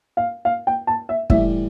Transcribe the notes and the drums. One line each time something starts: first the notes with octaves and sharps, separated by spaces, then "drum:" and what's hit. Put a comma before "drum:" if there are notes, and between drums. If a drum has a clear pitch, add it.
F5
F5
G5
A5
E5
A2 E3 G3 E5, drum: kick